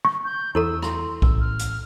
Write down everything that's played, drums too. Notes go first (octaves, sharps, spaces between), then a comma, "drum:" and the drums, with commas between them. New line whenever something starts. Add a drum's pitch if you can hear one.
C#6
G6
E2 E4 A4 A#5 E6
C6, drum: rim click
A1 E6, drum: kick B1
F6
drum: hi-hat